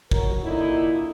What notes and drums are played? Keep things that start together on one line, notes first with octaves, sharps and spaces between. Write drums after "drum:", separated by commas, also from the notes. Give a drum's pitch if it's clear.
F#3 F#4 A#4, drum: kick
A#2 D3 D#4 E4